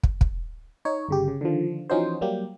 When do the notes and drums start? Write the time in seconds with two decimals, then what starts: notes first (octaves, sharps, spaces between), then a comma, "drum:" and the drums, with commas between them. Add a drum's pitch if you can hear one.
0.03 drum: kick
0.21 drum: kick
0.85 D#4 C#5
1.09 G1 C#3 G4
1.28 C#3
1.41 D3 D#3 F3
1.90 E3 F3 C#4 D#4 F#4 C5
2.21 F#3 G3 A#3 G4